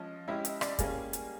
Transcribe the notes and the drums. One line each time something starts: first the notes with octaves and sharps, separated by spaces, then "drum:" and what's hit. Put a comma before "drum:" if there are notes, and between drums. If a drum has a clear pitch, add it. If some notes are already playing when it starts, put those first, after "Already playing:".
Already playing: F3 G#3 C#4 D#5
G#3 C#4 E4 G4 E5
D#5, drum: hi-hat
D5, drum: rim click
G3 A#3 C#4 G#4, drum: kick, hi-hat
drum: hi-hat